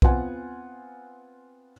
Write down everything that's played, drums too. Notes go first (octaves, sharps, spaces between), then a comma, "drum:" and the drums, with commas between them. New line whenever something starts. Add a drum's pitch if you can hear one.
B3 C4 F4 F#5 G#5, drum: kick B1